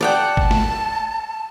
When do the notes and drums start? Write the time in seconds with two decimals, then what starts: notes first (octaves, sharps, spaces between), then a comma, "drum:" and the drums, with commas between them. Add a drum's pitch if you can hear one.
0.01 D5 F#5 G5 A5
0.37 drum: kick G1
0.51 drum: snare